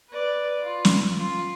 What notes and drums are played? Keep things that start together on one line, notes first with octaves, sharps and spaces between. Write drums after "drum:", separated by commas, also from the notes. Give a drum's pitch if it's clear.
B4 D5
F4
drum: snare
F4